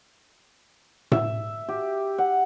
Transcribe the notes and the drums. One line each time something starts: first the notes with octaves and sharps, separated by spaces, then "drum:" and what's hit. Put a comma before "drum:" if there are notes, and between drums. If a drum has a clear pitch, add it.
E5, drum: tom A2
G4
F#5